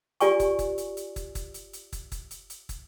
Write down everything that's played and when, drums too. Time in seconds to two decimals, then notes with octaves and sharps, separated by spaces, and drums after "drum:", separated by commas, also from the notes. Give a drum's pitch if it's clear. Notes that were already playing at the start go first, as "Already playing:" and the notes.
0.21 F4 G4 D5 G#5 C#6, drum: hi-hat
0.40 drum: kick, hi-hat
0.59 drum: kick, hi-hat
0.78 drum: hi-hat
0.97 drum: hi-hat
1.16 drum: kick, hi-hat
1.35 drum: kick, hi-hat
1.54 drum: hi-hat
1.73 drum: hi-hat
1.93 drum: kick, hi-hat
2.12 drum: kick, hi-hat
2.31 drum: hi-hat
2.50 drum: hi-hat
2.69 drum: kick, hi-hat